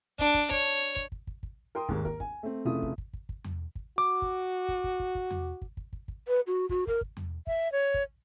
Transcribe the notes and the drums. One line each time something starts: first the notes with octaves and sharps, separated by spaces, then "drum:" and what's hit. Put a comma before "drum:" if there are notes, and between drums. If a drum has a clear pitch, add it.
D4, drum: kick
drum: kick
C#5, drum: kick
drum: kick
drum: kick
drum: kick
drum: kick
A#4 G5 C6 D#6
D#2 G#2 D#3 A#3, drum: kick
A#4, drum: kick
G#5, drum: kick
A3 C4
F1 C#3 A3 E4 F4 D#6
drum: kick
drum: kick
drum: kick
drum: kick
drum: tom E2
drum: kick
F#4 D6
drum: kick
drum: kick
drum: kick
drum: kick
drum: kick
drum: tom E2
drum: kick
drum: kick
drum: kick
drum: kick
B4
F#4
F#4, drum: kick
A#4, drum: kick
drum: kick
drum: tom E2
E5, drum: kick
C#5
drum: kick